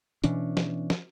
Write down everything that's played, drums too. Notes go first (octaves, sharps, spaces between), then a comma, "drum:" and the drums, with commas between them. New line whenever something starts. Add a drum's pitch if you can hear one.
B2 E3 C#4 D4, drum: hi-hat
drum: snare
drum: snare